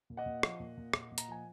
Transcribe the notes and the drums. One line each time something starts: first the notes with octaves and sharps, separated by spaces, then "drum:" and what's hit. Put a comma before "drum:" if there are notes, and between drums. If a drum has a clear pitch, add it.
A#2
D#5 F#5
A#2
F3, drum: rim click
A#2
A#2
A#2, drum: rim click
A#2
A#5, drum: hi-hat
F3 G#5